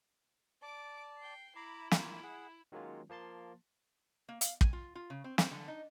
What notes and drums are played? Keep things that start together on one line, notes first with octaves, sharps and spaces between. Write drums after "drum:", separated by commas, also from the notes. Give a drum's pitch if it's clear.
D5 A5 D6 D7
G5 C7
E4 A#5 B5 D6
A#3 F4, drum: snare
G#4 F#5
D#3 F#3 G#3 A#3 C#4 F4
F3 A#3 A5 C6 A6
A#3
F5, drum: hi-hat
G#5, drum: kick
F4
F4
C#3
C4
C4, drum: snare
D3
D#4